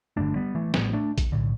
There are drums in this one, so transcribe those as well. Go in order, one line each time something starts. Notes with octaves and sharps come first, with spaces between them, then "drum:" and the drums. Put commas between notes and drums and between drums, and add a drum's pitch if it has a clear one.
G1 G2 D3 A3 D4
G3 B3
E3 A3
A1 A2 G3 B3, drum: snare
A3 D4
drum: kick A#1, hi-hat
B1 A2 D3